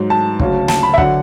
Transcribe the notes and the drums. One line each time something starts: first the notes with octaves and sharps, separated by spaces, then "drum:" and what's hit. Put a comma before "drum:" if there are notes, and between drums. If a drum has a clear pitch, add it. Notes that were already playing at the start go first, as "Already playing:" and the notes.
Already playing: G#2 F#3
A5
D2 C#3 F#3, drum: kick
A5, drum: snare
B5
E5
D3 F#3 F#5, drum: kick